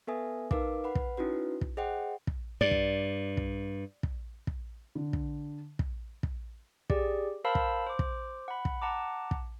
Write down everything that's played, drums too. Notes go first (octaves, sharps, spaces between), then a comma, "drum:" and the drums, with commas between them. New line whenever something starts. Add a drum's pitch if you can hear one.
B3 A4 B4 E5 G#5 D#6
D#4 A#4 B4 F5 D6, drum: kick
B4 F#5 B5
drum: kick
C#4 D#4 E4 F#4 B4
drum: kick
G#4 C5 D#5 F#5 G5
drum: kick
G2 D5
drum: kick
drum: kick
drum: kick
drum: kick
D3
drum: kick
drum: kick
drum: kick
G4 G#4 D5, drum: kick
A#4 C5 F5 A5 B5 E6
drum: kick
C5 D6
drum: kick
F#5 B5
drum: kick
F#5 A5 A#5 D6
drum: kick